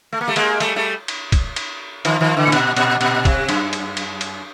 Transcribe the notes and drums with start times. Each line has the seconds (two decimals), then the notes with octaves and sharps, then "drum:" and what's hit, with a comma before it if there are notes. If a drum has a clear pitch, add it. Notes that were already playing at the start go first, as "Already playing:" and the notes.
0.13 A3
0.21 A#3
0.28 G3 A3
0.36 G#3 A#3, drum: cymbal
0.60 G3 A3, drum: cymbal
0.76 G3 A3
1.08 drum: cymbal
1.32 drum: kick, cymbal
1.56 drum: cymbal
2.05 D#3 F3, drum: cymbal
2.21 D#3 F3
2.36 D3 E3
2.47 A2
2.52 A#2, drum: cymbal
2.76 A#2, drum: cymbal
3.01 A#2, drum: cymbal
3.25 C3, drum: kick, cymbal
3.49 F#2, drum: cymbal
3.73 drum: cymbal
3.97 drum: cymbal
4.21 drum: cymbal